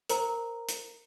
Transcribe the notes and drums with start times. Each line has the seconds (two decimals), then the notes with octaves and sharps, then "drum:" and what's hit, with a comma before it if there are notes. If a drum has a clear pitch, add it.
0.09 A#4 C5 A#5, drum: hi-hat
0.69 drum: hi-hat